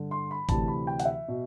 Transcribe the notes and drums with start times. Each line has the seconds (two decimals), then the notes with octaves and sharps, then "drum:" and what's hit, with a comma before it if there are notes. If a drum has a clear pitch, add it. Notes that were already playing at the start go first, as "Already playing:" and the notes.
Already playing: G2 D3
0.11 C6
0.31 B5
0.49 D2 C3 E3 A5, drum: kick G#1, hi-hat
0.68 B5
0.87 G5
1.00 F#5, drum: hi-hat
1.05 E5
1.28 B2